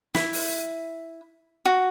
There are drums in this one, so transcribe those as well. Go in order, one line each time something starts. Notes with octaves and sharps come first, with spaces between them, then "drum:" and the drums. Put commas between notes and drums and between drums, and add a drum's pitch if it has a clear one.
E4, drum: snare
drum: open hi-hat
F#4